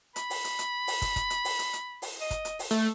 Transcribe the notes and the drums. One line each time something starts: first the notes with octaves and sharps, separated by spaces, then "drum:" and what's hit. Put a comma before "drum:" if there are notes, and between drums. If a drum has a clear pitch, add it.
B5, drum: hi-hat
drum: open hi-hat
drum: hi-hat
drum: hi-hat
drum: open hi-hat
drum: kick, hi-hat
drum: kick, hi-hat
drum: hi-hat
drum: open hi-hat
drum: hi-hat
drum: hi-hat
drum: open hi-hat
D#5
drum: kick, hi-hat
drum: hi-hat
drum: open hi-hat
A3 A5, drum: hi-hat